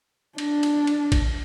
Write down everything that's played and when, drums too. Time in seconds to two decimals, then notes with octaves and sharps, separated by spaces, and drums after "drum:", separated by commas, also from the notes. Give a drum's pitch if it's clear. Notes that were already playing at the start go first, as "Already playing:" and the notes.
0.38 D4, drum: cymbal
0.63 drum: cymbal
0.87 drum: cymbal
1.12 drum: kick, cymbal